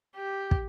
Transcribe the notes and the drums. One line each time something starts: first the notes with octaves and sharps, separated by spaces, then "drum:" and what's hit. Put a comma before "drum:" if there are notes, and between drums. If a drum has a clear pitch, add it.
G4
drum: kick